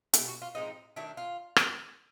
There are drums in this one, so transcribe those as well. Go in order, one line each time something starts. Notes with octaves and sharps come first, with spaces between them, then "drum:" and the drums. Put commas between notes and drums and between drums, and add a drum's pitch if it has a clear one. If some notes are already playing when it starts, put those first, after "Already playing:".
B2 G3 C4 E4, drum: hi-hat
F#4
F4
A2 F3 G#3 C4 D#4
D#3 F#3 A3 D4 E4
F4
drum: rim click